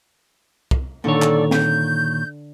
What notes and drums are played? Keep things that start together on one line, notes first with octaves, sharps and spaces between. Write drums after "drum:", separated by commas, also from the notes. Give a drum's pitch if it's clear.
drum: kick C2
A#2 D3 D#3 A4 C#5 D5
drum: clap
G6, drum: snare